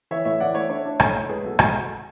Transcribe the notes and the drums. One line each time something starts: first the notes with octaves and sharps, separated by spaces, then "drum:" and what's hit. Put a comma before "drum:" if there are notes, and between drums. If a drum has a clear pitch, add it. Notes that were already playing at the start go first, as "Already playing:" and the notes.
E3 C#5 E5
A2 C#5 E5
E3 D5 F#5
A3 C#5 E5
D4 C#5 E5
D4
A3 A4 C#5, drum: rim click
A2
G#3 G#4 B4
B1 F#4 A4
G#3 F#4 A4, drum: rim click